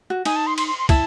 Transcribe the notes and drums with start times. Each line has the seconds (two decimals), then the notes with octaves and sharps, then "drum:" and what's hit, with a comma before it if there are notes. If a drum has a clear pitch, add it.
0.10 F#4
0.25 D#4 G#5, drum: cymbal
0.36 A5
0.47 C6
0.58 C6, drum: cymbal
0.68 C6
0.79 C6
0.89 E4 A5, drum: kick, cymbal